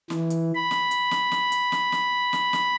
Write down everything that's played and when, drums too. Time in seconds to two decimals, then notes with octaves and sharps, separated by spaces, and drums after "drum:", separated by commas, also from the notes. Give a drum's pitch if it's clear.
0.10 E3, drum: snare
0.30 drum: hi-hat
0.55 B5
0.71 drum: snare
0.91 drum: hi-hat
1.11 drum: snare
1.32 drum: snare
1.52 drum: hi-hat
1.72 drum: snare
1.92 drum: snare
2.33 drum: snare
2.53 drum: snare